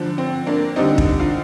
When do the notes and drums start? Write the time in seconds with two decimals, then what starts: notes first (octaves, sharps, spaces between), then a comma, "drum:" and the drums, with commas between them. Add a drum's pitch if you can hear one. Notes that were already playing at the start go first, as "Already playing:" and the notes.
Already playing: D3 F3
0.18 C4
0.46 A#3 D4
0.76 D3 G3 C4 D#4
0.98 drum: kick
1.20 D4 F4